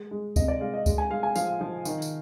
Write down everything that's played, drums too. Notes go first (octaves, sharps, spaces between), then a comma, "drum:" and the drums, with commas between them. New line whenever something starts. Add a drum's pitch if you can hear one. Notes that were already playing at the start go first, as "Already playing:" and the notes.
Already playing: G#3
G#3
C3 D#5, drum: kick C#2, tambourine
D5
G#3 F5
D#5
G#3, drum: kick C#2, tambourine
G#5
G#3 F5
G#5
F3 F5, drum: tambourine
F3
D#3, drum: tambourine
drum: tambourine